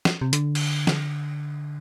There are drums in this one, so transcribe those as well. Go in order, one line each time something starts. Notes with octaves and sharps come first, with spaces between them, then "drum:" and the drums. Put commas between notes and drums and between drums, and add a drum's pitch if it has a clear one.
drum: snare
C3
D3, drum: hi-hat
drum: cymbal
drum: snare